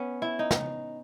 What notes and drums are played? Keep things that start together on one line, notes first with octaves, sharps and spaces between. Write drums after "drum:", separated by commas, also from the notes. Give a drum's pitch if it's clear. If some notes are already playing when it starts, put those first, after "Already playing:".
Already playing: B3 C#4
E4
D#4
drum: snare